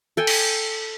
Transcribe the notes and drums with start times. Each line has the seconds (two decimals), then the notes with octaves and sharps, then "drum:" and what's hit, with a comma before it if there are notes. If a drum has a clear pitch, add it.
0.17 A4 G5 G#5
0.27 drum: cymbal